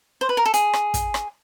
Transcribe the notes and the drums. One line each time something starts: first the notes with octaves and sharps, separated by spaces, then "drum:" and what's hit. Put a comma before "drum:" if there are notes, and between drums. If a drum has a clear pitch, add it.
C5
B4
A#4
A4
G#4, drum: hi-hat
drum: rim click
drum: kick, hi-hat
drum: rim click